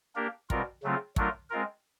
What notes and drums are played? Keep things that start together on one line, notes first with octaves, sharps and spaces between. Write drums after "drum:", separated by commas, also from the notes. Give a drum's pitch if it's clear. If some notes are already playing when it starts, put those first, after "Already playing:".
A#3 D4 G4 A#4
B2 G3 C4 F4 A#4, drum: kick
C#3 F#3 A3 C4 F4
F#3 A3 D4 F4 A#4, drum: kick
G#3 C4 F4 A#4